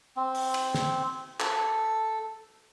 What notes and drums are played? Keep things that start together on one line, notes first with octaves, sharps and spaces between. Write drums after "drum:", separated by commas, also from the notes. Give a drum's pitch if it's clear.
C4
drum: open hi-hat
drum: cymbal
drum: snare
A4, drum: clap